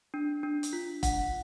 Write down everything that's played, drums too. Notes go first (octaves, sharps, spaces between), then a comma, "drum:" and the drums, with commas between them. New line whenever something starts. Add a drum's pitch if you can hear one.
D4
D4
drum: hi-hat
F4
F#5, drum: kick F1, hi-hat